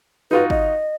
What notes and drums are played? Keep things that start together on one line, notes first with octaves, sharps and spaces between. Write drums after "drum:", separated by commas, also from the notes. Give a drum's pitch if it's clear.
D#4 F4 F#4 B4
D#5, drum: kick